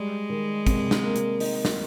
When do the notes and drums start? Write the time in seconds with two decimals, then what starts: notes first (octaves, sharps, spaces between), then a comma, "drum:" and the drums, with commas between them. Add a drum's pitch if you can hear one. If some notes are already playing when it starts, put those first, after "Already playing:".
Already playing: G3 G#3
0.29 D#3
0.67 C3, drum: kick, hi-hat
0.91 drum: snare
1.03 A#3
1.16 drum: hi-hat
1.40 D#4, drum: open hi-hat
1.65 drum: snare